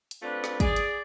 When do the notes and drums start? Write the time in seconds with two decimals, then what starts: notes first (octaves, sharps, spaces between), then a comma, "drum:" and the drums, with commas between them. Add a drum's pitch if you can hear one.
0.11 drum: hi-hat
0.22 A3 C4 D4 F4 B4
0.44 drum: snare
0.60 G#4 D5, drum: kick, hi-hat
0.76 drum: hi-hat